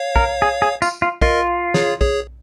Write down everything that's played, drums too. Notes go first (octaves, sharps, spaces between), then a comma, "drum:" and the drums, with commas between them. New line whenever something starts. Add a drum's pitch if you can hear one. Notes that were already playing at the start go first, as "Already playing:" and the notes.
Already playing: C#5 F5
A#4, drum: kick A#1
G#4
G#4
F4, drum: tambourine
F4
F4 A#4 D#5, drum: kick A#1
G#4 C#5, drum: snare
G#4 C#5, drum: kick A#1